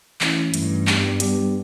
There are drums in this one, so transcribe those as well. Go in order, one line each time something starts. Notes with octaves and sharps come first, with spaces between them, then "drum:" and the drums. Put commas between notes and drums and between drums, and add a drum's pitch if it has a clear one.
E3 A3 C#4 E4, drum: clap
G2 E3 A3 C#4 E4, drum: hi-hat
G3 B3 D4 G4, drum: clap
G3 B3 D4 G4, drum: hi-hat